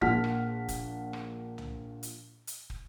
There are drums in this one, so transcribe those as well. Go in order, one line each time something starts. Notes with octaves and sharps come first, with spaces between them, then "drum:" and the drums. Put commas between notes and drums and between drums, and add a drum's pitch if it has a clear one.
A#1 A#2 F#5 A5 F6 B6, drum: kick
drum: rim click
drum: kick, hi-hat
drum: rim click
drum: tom C2
drum: hi-hat
drum: hi-hat
drum: kick